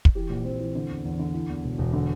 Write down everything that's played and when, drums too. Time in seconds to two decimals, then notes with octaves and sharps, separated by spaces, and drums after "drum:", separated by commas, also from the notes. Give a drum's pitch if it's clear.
0.05 drum: kick
0.15 E3 G4
0.30 A#1
0.45 A#1 C4
0.60 E3
0.75 D3
0.89 E2
1.05 E2
1.19 D3
1.34 E3
1.49 E2
1.64 E1
1.78 E1
1.93 D3